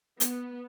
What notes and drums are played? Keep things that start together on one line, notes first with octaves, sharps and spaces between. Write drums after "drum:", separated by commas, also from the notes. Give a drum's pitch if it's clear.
B3, drum: hi-hat